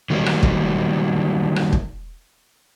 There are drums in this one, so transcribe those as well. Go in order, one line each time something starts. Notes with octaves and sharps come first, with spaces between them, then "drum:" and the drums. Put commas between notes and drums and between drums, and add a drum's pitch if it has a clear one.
D#3 F#3 G3 A#3
drum: rim click
drum: kick
drum: rim click
drum: kick